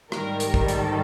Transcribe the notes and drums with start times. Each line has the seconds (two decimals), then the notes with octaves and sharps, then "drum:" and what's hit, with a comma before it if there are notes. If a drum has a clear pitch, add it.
0.12 G#2 D#3 G3 A#4, drum: rim click
0.40 drum: hi-hat
0.54 drum: kick A#1
0.68 A4, drum: hi-hat